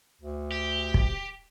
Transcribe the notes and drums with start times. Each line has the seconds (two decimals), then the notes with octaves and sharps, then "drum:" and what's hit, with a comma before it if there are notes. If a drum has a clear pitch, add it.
0.21 D2
0.52 G4
0.94 drum: kick